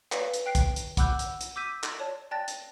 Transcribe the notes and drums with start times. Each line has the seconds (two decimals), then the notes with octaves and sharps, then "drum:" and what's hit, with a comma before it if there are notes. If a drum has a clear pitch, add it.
0.12 B4 C#5 D5 F5, drum: clap
0.33 drum: hi-hat
0.46 G5 F#6 C7 D7
0.55 drum: kick, hi-hat
0.76 drum: hi-hat
0.97 F#5 B5 D6 E6 F#6 G6, drum: kick, hi-hat
1.19 drum: hi-hat
1.41 drum: hi-hat
1.56 D6 E6 G6 B6 D#7
1.84 drum: clap
2.00 C#5 D5 A5
2.31 D5 G5 A5 F#6 A6 A#6
2.48 drum: hi-hat